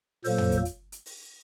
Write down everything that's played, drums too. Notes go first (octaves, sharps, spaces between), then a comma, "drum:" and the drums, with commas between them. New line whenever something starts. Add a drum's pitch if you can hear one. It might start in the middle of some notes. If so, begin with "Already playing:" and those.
A#2 F#3 A#3 A4 C5, drum: open hi-hat
drum: tom
drum: kick, hi-hat
drum: hi-hat
drum: hi-hat
drum: open hi-hat